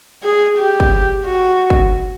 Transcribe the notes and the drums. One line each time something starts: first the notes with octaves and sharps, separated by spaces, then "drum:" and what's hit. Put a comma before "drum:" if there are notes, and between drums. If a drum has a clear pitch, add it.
G#4
G4
drum: kick
F#4
drum: kick